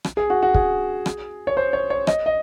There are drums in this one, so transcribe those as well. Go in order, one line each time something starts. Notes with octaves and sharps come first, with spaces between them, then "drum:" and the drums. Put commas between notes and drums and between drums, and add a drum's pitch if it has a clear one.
drum: rim click
G#4
F#4
F#4
G#4, drum: kick
drum: rim click
C#5
C5
C#5
C#5
D#5, drum: rim click
D#5